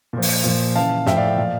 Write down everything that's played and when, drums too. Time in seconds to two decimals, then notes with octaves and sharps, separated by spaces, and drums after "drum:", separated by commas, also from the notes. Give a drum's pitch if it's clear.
0.13 A#2 F3
0.22 drum: open hi-hat
0.44 A#2 F3
0.75 C#3 E3 F5 A5
1.06 A2 F3 E5 G5, drum: snare
1.16 D5 F5
1.27 E5 G5
1.37 A#2 F3 D5 F5